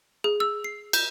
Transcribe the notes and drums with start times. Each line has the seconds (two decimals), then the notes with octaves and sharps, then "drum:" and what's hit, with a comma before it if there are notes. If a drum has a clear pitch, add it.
0.24 G#4
0.40 E6
0.64 C7
0.93 G6, drum: cymbal